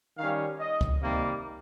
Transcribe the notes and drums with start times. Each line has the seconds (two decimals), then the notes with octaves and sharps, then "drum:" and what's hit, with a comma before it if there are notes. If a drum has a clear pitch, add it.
0.18 D#3 G3 C#4 F5
0.59 D#5
0.81 drum: kick C#2
1.02 C3 D#3 G3 A#3